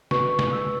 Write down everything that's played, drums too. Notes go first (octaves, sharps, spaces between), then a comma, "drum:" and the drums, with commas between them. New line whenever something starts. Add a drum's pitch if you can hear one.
F#4 B4 C#6, drum: snare
drum: snare
E6